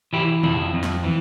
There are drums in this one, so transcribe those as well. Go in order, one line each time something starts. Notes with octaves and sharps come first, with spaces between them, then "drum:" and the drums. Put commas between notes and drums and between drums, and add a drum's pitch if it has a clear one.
E3 E4 G4
F2 E4, drum: tom
F2
drum: snare
E3